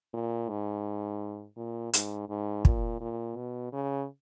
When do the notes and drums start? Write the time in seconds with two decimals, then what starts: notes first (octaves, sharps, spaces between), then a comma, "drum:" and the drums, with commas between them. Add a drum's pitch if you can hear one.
0.14 A#2
0.49 G#2
1.57 A#2
1.93 G#2, drum: hi-hat
2.29 G#2
2.65 A#2, drum: kick
3.01 A#2
3.36 B2
3.73 C#3